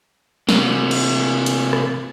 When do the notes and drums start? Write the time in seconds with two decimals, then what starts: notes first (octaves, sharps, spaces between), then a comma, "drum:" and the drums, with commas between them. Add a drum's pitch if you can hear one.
0.49 C3 A#3, drum: snare
0.91 drum: cymbal
1.46 drum: hi-hat
1.73 drum: rim click